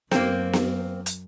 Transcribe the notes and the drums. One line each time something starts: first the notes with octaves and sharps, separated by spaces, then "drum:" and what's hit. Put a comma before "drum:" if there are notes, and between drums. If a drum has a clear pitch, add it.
F#2 A#3 C4, drum: snare B3
drum: snare B3
drum: hi-hat